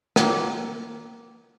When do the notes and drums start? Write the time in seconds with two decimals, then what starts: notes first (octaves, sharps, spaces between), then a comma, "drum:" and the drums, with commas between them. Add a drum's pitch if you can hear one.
0.16 A#3, drum: rim click